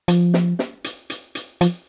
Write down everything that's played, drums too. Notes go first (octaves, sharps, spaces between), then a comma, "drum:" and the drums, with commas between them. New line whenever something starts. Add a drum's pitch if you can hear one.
F3, drum: hi-hat
drum: snare
drum: snare
drum: hi-hat
drum: hi-hat
drum: hi-hat
F3, drum: hi-hat